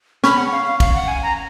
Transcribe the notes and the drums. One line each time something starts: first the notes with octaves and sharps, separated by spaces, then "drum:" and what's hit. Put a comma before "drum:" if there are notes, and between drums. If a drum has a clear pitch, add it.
C#4 B5, drum: snare
F#5
F5
F5
F5, drum: kick, cymbal
F#5
G#5
A#5